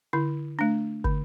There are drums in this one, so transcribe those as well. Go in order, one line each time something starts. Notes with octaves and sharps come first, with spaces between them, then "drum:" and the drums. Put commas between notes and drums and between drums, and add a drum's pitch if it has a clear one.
D3 E4
A3 D4
D3, drum: kick